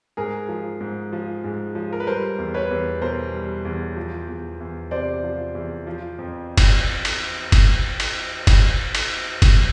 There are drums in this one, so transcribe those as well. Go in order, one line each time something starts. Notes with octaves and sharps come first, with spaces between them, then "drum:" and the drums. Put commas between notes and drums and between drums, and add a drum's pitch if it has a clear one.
G#2 G#4 A#4
F3
G#2
F3
G#2
F3
A#4
B4
G3 A#4 C5
E2
B4 C#5
E2
B2 A#4 C5
G3
E2
F3
E2
E2
C3 C5 D5
F3
E2
F3
F2
drum: kick, cymbal
drum: cymbal
drum: kick, cymbal
drum: cymbal
drum: kick, cymbal
drum: cymbal
drum: kick, cymbal